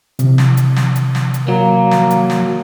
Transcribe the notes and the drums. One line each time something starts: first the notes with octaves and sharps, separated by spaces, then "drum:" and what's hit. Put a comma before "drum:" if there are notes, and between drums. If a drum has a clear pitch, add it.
C3 E3, drum: hi-hat
drum: snare
drum: hi-hat
drum: snare
drum: hi-hat
drum: snare
drum: hi-hat
F#3 A#3
drum: snare
drum: hi-hat
drum: snare